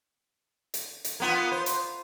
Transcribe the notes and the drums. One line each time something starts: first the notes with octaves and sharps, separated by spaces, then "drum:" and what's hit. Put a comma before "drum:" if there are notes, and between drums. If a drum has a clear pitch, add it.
drum: hi-hat
drum: hi-hat
A#3 B3 F4
C5
drum: hi-hat